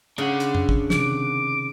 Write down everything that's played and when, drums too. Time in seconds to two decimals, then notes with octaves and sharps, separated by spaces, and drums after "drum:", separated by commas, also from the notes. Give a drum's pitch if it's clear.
0.18 C#3 D4 F#5
0.40 drum: hi-hat
0.55 drum: tom F#2
0.69 drum: kick
0.90 C3 D#3 D6, drum: snare